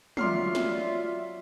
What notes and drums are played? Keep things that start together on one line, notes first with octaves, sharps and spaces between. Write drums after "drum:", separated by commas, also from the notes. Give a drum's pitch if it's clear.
F#3 F4 C#5 D5 E5 C6 F6 C7, drum: tom
drum: snare